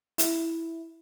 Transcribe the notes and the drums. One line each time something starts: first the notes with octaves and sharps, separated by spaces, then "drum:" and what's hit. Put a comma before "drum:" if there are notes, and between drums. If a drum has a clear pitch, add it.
E4, drum: hi-hat